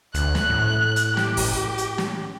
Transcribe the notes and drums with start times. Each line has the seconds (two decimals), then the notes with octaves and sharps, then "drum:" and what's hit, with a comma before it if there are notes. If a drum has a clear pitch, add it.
0.14 D2 F#6, drum: hi-hat
0.35 drum: snare
0.50 A2
0.96 drum: hi-hat
1.17 G4, drum: snare
1.37 drum: kick, open hi-hat
1.78 drum: hi-hat
1.98 drum: snare